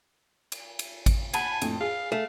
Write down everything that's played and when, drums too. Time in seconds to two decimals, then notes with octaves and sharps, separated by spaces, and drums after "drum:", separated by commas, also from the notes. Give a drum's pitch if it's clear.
0.52 drum: cymbal
0.79 drum: cymbal
1.06 drum: kick G#1, cymbal
1.34 F#5 G#5 A5 B5, drum: cymbal
1.62 F2 A2, drum: cymbal
1.80 G#4 F5
2.12 A3 F5